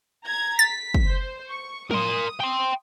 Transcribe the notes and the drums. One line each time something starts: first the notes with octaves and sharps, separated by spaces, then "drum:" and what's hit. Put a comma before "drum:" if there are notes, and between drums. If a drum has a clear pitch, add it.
A#5 G#6
A6 B6
drum: kick
C5
C#6
A#4 C6 D#6, drum: tom F3
G5 C6